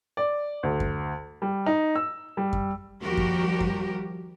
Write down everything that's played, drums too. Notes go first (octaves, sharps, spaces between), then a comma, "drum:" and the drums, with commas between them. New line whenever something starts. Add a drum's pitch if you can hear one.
D5
D2
drum: kick F#2
G3
D#4
E6
G3
drum: kick F#2
D#2 F3 G3 F#4 G4 A#4
drum: kick F#2
drum: kick F#2